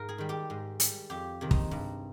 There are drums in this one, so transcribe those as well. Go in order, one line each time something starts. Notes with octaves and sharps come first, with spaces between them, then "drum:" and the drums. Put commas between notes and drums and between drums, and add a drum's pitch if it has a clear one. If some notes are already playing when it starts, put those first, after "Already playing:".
Already playing: G#2 A#4
G#4
D#3 G3
G4
G#2
G3, drum: hi-hat
F2 G4
C3 D#3
D#4, drum: kick
G2